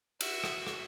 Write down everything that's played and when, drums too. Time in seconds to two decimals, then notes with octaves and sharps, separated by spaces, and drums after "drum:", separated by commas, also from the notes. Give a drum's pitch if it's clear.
0.21 F#4 E5, drum: cymbal
0.44 drum: rim click
0.67 drum: rim click